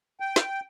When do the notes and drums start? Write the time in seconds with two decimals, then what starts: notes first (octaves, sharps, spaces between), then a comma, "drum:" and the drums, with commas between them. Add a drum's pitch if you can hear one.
0.20 G5
0.36 drum: snare